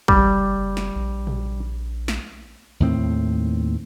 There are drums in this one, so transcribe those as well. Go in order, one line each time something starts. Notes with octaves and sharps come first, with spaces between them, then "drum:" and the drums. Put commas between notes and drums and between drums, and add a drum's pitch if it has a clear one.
F#1 G3, drum: kick
drum: snare
A#1
drum: tom
drum: snare
D#2 A2 C4